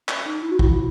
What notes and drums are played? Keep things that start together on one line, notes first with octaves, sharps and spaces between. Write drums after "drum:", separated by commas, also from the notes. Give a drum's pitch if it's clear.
C#4, drum: clap
D#4
E4
F#4
E4, drum: kick